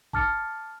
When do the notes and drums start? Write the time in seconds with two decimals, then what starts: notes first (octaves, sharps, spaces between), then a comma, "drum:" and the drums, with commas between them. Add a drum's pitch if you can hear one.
0.13 A5 D6 F6 A6 C#7, drum: kick A1